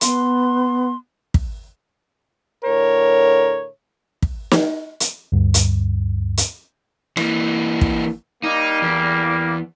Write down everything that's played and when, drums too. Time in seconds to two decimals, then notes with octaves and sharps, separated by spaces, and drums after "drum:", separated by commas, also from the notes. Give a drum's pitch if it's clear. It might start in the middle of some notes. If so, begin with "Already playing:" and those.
0.01 B3 C6, drum: hi-hat
1.34 drum: kick
2.64 A2 D3 A#4 C#5
4.22 drum: kick
4.51 drum: snare
5.00 drum: hi-hat
5.32 D2 G2
5.54 drum: hi-hat
6.37 drum: hi-hat
7.17 E3 A#3, drum: rim click
7.81 drum: kick
8.44 G3 A#3 D#4
8.82 E2